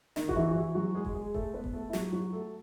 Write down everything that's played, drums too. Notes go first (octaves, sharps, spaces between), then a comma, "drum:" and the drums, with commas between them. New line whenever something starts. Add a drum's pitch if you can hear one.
D#3 D#4, drum: snare
F#4, drum: kick F1
E3 E4
F#4
E3 E4
F#3 F#4
G#3 G#4
drum: kick F1
G#3 G#4
A3 A4, drum: kick F1
B3 B4
drum: kick F1
A3 A4
E4
F#3 F#4, drum: snare
F#3 F#4
A3 A4